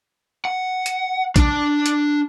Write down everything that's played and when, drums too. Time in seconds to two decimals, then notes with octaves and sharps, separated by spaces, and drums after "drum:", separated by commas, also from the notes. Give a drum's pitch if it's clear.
0.45 F#5
0.86 drum: hi-hat
1.36 D4 A5, drum: kick A#1, hi-hat
1.86 drum: hi-hat